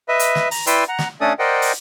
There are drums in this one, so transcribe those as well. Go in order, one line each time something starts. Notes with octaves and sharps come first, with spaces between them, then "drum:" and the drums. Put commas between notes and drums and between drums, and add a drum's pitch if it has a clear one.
B4 D#5 E5
drum: hi-hat
drum: snare
A#5, drum: open hi-hat
E4 B4 D5 G5 C6 E6, drum: hi-hat
F#5 A#5
drum: snare
A3 C#4 D4 A4 D5 D#6
A#4 C5 D5 D#5 F#5 G5
drum: open hi-hat